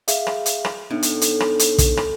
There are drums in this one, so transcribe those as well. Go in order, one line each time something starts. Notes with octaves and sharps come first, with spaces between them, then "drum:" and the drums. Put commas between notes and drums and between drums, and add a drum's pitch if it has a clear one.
G#4 E5 F5, drum: hi-hat
drum: rim click
drum: hi-hat
drum: rim click
A2 B3 D4 D#4
drum: hi-hat
drum: hi-hat
drum: rim click
drum: hi-hat
drum: kick, hi-hat
drum: rim click